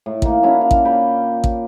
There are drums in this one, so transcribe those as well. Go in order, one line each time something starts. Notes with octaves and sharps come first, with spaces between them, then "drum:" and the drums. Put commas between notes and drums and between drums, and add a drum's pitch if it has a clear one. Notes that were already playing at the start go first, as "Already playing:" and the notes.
A2
D#3 A#3, drum: kick A1
C#4 D4 E4 F#4
F5
drum: kick A1
A#2 G5 B5
drum: kick A1